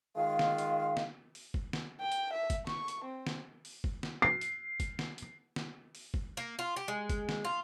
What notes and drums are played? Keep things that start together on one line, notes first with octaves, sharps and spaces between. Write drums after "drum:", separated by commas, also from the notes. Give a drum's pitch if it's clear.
D#3 G#3 F4 F5
drum: snare
drum: hi-hat
drum: snare
drum: open hi-hat
drum: kick
drum: snare
G5
drum: hi-hat
E5
drum: kick, hi-hat
C#6, drum: snare
drum: hi-hat
C4
drum: snare
drum: open hi-hat
drum: kick
drum: snare
C7
drum: hi-hat
drum: kick, hi-hat
drum: snare
drum: hi-hat
drum: snare
drum: open hi-hat
drum: kick
A#3
F4
G4
G#3
drum: kick, hi-hat
drum: snare
F4